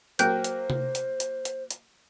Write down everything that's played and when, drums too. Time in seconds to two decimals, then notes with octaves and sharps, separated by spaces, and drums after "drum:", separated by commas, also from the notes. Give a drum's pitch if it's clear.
0.19 F#3 A#3 C5 G5 F#6 G6, drum: hi-hat
0.44 drum: hi-hat
0.70 drum: tom C3
0.95 drum: hi-hat
1.20 drum: hi-hat
1.45 drum: hi-hat
1.71 drum: hi-hat